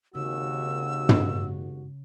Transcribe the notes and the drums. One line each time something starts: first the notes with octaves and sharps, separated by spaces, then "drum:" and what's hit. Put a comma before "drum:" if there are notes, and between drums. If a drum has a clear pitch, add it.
G#1 D#2 C#3 F#4 E6
drum: tom